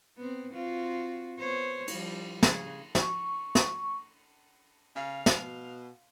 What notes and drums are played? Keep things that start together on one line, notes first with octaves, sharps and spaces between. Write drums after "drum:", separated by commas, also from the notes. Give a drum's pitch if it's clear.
B3 C4
C4 F4 F#4
B3 C5 C#5
F3 G3, drum: cymbal
C#3 G#4, drum: snare
C#6, drum: snare
drum: snare
C#3 F5
B2, drum: snare